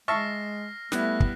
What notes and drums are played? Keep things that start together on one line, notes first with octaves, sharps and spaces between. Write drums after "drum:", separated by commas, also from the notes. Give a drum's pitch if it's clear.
G#3 E5 A5 C#6 F6 A#6 C7
G3 A3 B3 E4 F#6 A#6, drum: snare
drum: kick